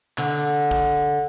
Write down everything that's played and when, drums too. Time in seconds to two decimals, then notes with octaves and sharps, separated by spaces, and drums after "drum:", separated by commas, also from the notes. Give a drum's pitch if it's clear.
0.18 D3, drum: clap
0.36 drum: tambourine
0.71 drum: kick